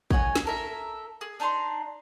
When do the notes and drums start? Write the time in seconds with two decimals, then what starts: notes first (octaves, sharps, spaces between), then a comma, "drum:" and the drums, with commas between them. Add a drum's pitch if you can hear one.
0.11 C#5 D#5 F#5 G#5, drum: kick
0.35 drum: snare
0.45 A4 A#4 E5
1.21 G#4
1.40 D4 D#4 A#5 C6